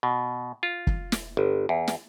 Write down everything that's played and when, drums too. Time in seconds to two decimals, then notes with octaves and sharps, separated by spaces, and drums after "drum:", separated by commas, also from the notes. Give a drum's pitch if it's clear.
0.03 B2
0.63 F4
0.87 drum: kick
1.12 drum: snare
1.37 G1
1.69 E2
1.88 drum: snare